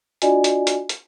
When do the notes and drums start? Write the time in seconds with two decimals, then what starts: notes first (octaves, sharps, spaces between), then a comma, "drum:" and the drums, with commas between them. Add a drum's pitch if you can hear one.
0.22 D4 F4 F#4 D5 D#5 G#5, drum: hi-hat
0.44 drum: hi-hat
0.67 drum: hi-hat
0.89 drum: hi-hat